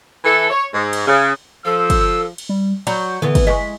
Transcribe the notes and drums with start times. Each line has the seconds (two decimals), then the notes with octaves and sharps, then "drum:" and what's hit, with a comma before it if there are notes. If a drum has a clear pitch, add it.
0.24 E3 A4
0.50 C#5
0.73 G#2
0.93 drum: cymbal
1.08 C#3
1.65 F3 A4 E6
1.90 drum: kick, cymbal
2.38 drum: cymbal
2.49 G3
2.87 F#3 D5 A#5 B5 G6, drum: cymbal
3.22 D3 E3 B3
3.35 drum: kick, cymbal
3.47 G#3 D#5 G#5 C#6 B6